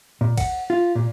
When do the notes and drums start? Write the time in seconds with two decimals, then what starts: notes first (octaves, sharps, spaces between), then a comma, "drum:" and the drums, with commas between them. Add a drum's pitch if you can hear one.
0.21 A#2
0.38 F#5, drum: kick, cymbal
0.70 F4
0.95 A#2